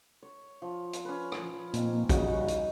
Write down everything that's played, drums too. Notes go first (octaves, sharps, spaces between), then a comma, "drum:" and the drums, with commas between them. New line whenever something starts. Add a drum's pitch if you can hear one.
C#5
F3
drum: hi-hat
C#4 B4
drum: rim click
A#2 F3 C4 D#4, drum: hi-hat
C#3 G3 D#4 F#4, drum: kick, hi-hat
drum: hi-hat